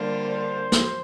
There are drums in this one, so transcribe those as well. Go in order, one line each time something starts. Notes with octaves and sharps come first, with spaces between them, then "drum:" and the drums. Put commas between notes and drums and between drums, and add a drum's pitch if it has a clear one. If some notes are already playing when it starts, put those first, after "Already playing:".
Already playing: D3 G3 A#3 D4 F4 C5
C5
drum: snare